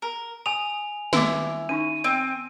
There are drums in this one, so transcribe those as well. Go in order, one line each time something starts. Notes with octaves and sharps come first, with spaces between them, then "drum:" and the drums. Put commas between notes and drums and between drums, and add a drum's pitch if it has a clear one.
A#4
G#5 D#6 F7
D#3 E4 D6, drum: snare
C#4 D#4 C#6 D#7
C4